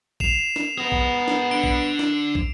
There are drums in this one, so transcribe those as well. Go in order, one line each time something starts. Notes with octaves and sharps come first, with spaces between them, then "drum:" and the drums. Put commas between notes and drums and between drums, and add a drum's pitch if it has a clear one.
C7 E7 F7, drum: kick
drum: snare
B3 G#4 A#5
drum: kick
drum: snare
D3 D7
drum: kick
drum: snare
drum: kick